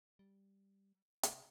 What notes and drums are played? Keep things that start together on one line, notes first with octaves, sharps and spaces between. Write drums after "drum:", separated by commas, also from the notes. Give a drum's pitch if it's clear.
G3
C3, drum: hi-hat